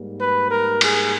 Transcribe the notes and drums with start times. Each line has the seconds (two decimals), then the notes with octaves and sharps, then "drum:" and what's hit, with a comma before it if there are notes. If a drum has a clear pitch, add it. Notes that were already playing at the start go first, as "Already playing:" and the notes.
Already playing: G#2 G3 A#3
0.19 B4
0.50 A#4
0.81 G#4, drum: cymbal